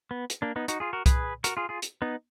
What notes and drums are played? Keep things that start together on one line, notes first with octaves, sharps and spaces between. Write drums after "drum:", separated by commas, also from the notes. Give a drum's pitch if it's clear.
B3
drum: hi-hat
A#3 D4
B3 D#4
D#4 F#4, drum: hi-hat
F4 G#4
F#4 A#4
G#4 B4, drum: kick C2, hi-hat
F#4 A#4, drum: hi-hat
F4 G#4
F4 G#4
drum: hi-hat
B3 D#4